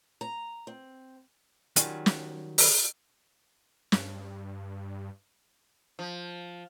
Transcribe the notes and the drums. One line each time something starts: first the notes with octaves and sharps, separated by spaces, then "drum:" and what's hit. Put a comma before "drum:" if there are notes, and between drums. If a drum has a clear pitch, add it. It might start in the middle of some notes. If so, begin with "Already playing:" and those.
A#5
C4
D#3 F#3 G3 C#4 F4, drum: hi-hat
drum: snare
drum: open hi-hat
G2, drum: snare
F3